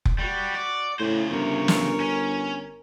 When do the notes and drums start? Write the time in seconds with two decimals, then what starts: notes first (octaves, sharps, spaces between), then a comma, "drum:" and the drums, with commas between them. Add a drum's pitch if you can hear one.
0.05 drum: kick F1
0.19 G3 F#4
0.55 D5
1.00 A2 C#3 C5
1.30 G1 A#4 C#5
1.68 drum: snare
2.00 C#4